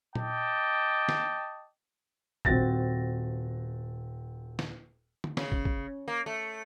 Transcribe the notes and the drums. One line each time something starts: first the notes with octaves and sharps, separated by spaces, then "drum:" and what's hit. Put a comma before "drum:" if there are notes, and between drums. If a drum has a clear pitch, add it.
D#5 G5 A5 D6, drum: tom A#2
drum: snare
D#1 C4 F#4 A6 A#6, drum: kick
drum: snare
drum: tom D3
C#3, drum: snare
drum: kick
drum: kick
A#3
A3